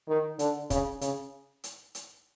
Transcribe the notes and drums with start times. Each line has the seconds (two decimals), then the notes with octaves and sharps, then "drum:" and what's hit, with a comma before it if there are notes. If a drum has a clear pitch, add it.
0.08 D#3
0.39 D3, drum: hi-hat
0.70 C#3, drum: kick, hi-hat
1.01 C#3, drum: hi-hat
1.64 drum: hi-hat
1.95 drum: hi-hat